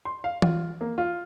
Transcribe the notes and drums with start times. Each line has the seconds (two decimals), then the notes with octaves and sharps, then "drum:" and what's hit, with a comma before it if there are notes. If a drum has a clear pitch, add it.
0.05 C6
0.24 F5
0.42 F4, drum: tom E3
0.81 A#3
0.98 F4